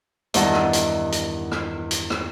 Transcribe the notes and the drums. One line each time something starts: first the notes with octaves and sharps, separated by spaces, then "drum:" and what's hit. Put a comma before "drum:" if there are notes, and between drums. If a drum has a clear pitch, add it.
E2 G2 D#3 D#5 F#5 A5, drum: hi-hat
drum: rim click
drum: hi-hat
drum: hi-hat
drum: rim click
drum: hi-hat
drum: rim click